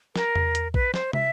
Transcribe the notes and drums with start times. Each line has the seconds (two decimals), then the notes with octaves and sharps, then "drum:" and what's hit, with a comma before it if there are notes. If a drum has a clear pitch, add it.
0.16 A#4, drum: snare
0.36 drum: tom E2
0.55 drum: hi-hat
0.74 B4, drum: kick
0.94 C5, drum: snare
1.13 E5, drum: tom